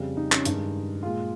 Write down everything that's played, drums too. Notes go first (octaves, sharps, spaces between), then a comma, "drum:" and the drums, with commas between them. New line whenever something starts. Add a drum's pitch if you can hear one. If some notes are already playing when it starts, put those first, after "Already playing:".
Already playing: F2 C#3 G3
D#4
C#4, drum: clap
G2 D#3 G#3 D#4, drum: hi-hat
A#2 G#3 F4